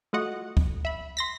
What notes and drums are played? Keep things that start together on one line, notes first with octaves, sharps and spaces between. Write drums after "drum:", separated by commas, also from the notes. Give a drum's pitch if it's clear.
A3 F4 F#4 D#5 F#5
C2, drum: kick
E5 B5
C6 A#6 B6